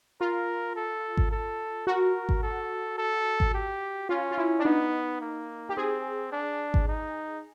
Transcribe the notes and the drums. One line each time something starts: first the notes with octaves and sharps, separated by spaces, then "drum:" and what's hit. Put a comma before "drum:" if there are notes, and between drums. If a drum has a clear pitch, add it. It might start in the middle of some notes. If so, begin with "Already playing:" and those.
F4 A#4
A4
drum: kick G#1
A4
F#4 A#4
drum: kick G#1
A4
A4
drum: kick G#1
G4
C#4 F4
F4
E4
D4
B3 D#4
A#3
G4
C4 G#4
D4
drum: kick G#1
D#4